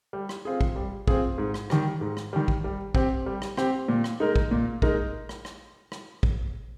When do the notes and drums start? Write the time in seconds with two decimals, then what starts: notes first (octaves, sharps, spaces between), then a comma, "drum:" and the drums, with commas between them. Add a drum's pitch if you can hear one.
0.13 G3
0.29 drum: rim click
0.45 C4 F4 G#4
0.61 drum: kick
0.76 G3
1.07 C4 F4 G#4, drum: kick
1.38 G#2
1.54 drum: rim click
1.70 D#3 G3, drum: rim click
2.01 G#2
2.17 drum: rim click
2.33 D#3 G3
2.48 drum: kick
2.64 G3
2.95 C4 G4, drum: kick
3.26 G3
3.42 drum: rim click
3.57 C4 G4, drum: rim click
3.89 A#2
4.04 drum: rim click
4.20 G#3 D#4 A#4
4.36 drum: kick
4.51 A#2
4.82 G#3 D#4 A#4, drum: kick
5.29 drum: rim click
5.45 drum: rim click
5.92 drum: rim click
6.23 drum: kick